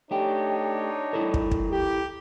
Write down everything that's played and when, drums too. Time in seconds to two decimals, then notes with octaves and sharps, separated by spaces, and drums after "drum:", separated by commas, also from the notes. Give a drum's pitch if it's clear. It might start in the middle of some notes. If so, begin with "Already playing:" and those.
0.11 A3 D4 D#4 G4 C#5
1.13 E4 A4 A#4
1.34 drum: kick
1.51 drum: kick
1.70 G4